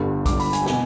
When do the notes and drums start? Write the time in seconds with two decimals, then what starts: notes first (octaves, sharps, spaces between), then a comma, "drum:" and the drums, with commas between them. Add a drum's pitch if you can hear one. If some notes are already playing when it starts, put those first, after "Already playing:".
Already playing: G1 G2 D3
0.26 G1 G2 D3 D6, drum: kick, hi-hat
0.40 B5, drum: open hi-hat
0.53 G#5, drum: hi-hat
0.66 B2 G#5, drum: snare